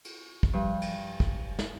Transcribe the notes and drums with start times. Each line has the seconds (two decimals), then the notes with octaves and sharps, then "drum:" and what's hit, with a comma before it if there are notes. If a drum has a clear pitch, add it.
0.05 drum: cymbal
0.43 drum: kick
0.53 G2 F3
0.82 drum: cymbal
1.20 F#1, drum: kick
1.59 drum: snare